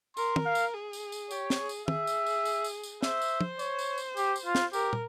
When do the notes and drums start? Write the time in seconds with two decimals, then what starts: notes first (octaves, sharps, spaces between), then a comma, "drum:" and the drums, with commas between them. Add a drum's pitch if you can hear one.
0.17 A#4 C6, drum: tambourine
0.36 drum: tom
0.46 F5
0.55 drum: tambourine
0.74 G#4
0.93 drum: tambourine
1.12 drum: tambourine
1.31 G4 C#5, drum: tambourine
1.50 drum: snare
1.60 G#4
1.69 drum: tambourine
1.88 G#4 E5, drum: tom
2.07 drum: tambourine
2.26 drum: tambourine
2.45 drum: tambourine
2.64 drum: tambourine
2.83 drum: tambourine
3.02 C5 E5, drum: snare
3.22 drum: tambourine
3.41 drum: tom
3.59 C#5, drum: tambourine
3.79 drum: tambourine
3.98 drum: tambourine
4.17 G4, drum: tambourine
4.36 drum: tambourine
4.45 F4
4.55 drum: snare
4.73 G4 A#4, drum: tambourine
4.93 drum: tom